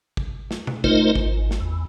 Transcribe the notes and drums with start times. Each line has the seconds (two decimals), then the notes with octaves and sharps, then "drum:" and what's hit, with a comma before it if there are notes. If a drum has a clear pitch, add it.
0.17 drum: kick
0.51 drum: snare
0.67 drum: tom B2
0.84 A3 D#4 F4 A#4 C5 D#5, drum: kick
1.15 G#1, drum: kick
1.51 drum: snare
1.60 E2